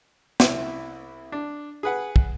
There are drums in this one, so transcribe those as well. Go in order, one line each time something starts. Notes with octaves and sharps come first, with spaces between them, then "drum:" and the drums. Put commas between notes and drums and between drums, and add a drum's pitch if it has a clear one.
C2 E4, drum: snare
D4
G#4 B4 F#5
drum: kick